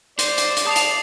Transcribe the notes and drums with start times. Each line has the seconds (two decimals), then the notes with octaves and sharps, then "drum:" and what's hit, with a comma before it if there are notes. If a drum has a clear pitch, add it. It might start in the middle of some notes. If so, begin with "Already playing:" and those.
0.19 C5 D5, drum: hi-hat
0.38 drum: hi-hat
0.57 drum: hi-hat
0.67 A5 D#6 C7 F7
0.76 drum: hi-hat